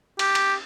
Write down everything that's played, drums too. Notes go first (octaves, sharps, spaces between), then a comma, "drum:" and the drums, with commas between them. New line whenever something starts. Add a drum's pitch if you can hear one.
G4, drum: cymbal
drum: cymbal